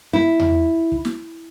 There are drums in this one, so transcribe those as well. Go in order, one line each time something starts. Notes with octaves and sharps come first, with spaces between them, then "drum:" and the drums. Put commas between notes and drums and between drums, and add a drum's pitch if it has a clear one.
E4
drum: tom E2
drum: kick
drum: snare